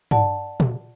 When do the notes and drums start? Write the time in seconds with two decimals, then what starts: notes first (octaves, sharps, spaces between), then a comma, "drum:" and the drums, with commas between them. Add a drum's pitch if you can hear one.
0.11 D5 F#5 A5, drum: tom G2
0.60 drum: tom A#2